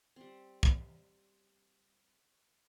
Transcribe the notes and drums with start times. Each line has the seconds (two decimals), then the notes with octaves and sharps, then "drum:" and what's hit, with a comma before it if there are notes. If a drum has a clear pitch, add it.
0.16 G3 C4
0.63 drum: kick